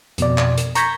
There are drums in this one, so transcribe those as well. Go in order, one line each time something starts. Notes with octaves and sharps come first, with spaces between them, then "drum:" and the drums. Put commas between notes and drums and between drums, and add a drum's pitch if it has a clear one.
F2 B2 D5, drum: hi-hat
drum: clap
drum: hi-hat
A#5 C#6 G6 G#6 A#6 B6, drum: hi-hat